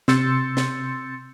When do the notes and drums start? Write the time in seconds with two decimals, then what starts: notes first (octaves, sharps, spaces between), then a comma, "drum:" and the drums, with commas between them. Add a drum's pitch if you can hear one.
0.08 C3 C6 E6 G6 A6 C#7, drum: snare
0.57 drum: snare